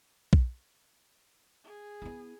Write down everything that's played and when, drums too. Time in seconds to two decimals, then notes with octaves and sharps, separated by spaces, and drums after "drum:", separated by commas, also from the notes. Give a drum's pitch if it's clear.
0.33 drum: kick B1
1.64 G#4
2.02 B3 E4